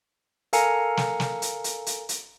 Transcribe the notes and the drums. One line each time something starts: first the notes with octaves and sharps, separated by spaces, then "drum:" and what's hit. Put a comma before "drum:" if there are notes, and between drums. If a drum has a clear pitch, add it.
A4 A#4 F5 G#5 A#5 C#7, drum: hi-hat
drum: snare
drum: snare
drum: hi-hat
drum: hi-hat
drum: hi-hat
drum: hi-hat